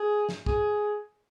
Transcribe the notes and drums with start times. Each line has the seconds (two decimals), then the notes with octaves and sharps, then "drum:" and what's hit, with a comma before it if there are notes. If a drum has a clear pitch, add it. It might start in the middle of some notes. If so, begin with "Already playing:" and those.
Already playing: G#4
0.29 drum: snare
0.46 G#4, drum: kick